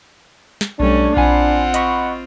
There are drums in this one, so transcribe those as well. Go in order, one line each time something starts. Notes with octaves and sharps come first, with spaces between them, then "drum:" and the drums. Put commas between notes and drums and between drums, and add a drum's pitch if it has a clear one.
drum: snare
B1 G3 A3 C#4 D4
C4 F4 F#5 G#5 B5, drum: kick A#1
D#5 B5 C#6, drum: hi-hat